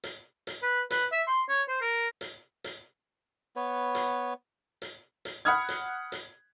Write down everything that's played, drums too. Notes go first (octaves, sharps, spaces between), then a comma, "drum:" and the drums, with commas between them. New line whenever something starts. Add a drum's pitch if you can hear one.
drum: hi-hat
drum: hi-hat
B4
B4, drum: hi-hat
E5
C6
C#5
C5
A#4
drum: hi-hat
drum: hi-hat
B3 B4 C#5
drum: hi-hat
drum: hi-hat
drum: hi-hat
F#5 B5 D#6 F6 G#6
drum: hi-hat
drum: hi-hat